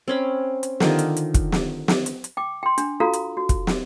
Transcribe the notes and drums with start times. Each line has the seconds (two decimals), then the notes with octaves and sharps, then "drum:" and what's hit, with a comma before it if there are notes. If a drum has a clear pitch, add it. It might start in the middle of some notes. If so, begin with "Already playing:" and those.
0.08 C4 C#4 B5
0.63 drum: hi-hat
0.80 D3 D#3 F4, drum: snare
0.99 drum: hi-hat
1.17 drum: hi-hat
1.34 drum: kick, hi-hat
1.52 drum: snare
1.88 drum: snare
2.06 drum: hi-hat
2.24 drum: hi-hat
2.37 G5 D6
2.63 G5 C6
2.78 D4, drum: hi-hat
3.00 F4 F#4 A4 F5 A#5
3.13 drum: hi-hat
3.37 F#4
3.49 drum: kick, hi-hat
3.67 drum: snare